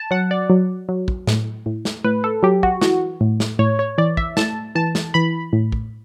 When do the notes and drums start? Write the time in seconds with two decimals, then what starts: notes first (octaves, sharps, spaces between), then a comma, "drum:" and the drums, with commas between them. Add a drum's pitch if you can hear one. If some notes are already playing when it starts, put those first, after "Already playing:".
Already playing: A5
0.11 F#3 F#5
0.31 D5
0.50 F#3
0.89 F#3
1.08 drum: kick
1.27 A2, drum: snare
1.66 A2
1.85 drum: snare
2.04 A2 B4
2.24 A4
2.43 F#3 G4
2.63 F#4, drum: kick
2.81 E3 F#4, drum: snare
3.21 A2
3.40 drum: snare
3.59 A2 C#5
3.79 C#5
3.98 E3 D5
4.17 E5, drum: kick
4.37 A2 A5, drum: snare
4.75 E3 A5
4.95 drum: snare
5.14 E3 B5
5.53 A2
5.72 drum: kick